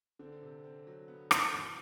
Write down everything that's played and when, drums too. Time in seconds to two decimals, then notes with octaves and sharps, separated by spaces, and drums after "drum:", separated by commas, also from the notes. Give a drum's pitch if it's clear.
0.19 D3 C4
0.42 C3
0.64 C4
0.87 F#3
1.08 B3
1.31 B3, drum: rim click
1.52 B2 E3